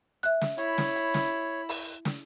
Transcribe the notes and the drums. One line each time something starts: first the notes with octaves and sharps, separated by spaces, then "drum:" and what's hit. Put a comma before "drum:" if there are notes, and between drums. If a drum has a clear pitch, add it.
E5 F#6, drum: hi-hat
drum: snare
E4 C#5 B5, drum: hi-hat
drum: snare
drum: hi-hat
drum: snare
drum: open hi-hat
drum: snare